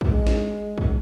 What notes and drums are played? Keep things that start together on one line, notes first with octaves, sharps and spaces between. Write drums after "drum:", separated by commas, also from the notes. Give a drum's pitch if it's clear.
G#3, drum: kick
drum: snare
drum: kick